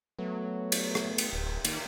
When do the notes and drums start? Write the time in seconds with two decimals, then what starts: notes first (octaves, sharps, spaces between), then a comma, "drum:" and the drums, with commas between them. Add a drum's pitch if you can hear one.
0.19 F#3 A3 B3
0.72 drum: cymbal
0.95 drum: rim click
1.18 drum: cymbal
1.33 D1
1.65 D#3 A#3, drum: cymbal